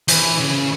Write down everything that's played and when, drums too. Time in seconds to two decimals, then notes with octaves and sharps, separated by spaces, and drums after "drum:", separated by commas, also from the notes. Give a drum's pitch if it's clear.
0.08 E3, drum: hi-hat
0.40 C#3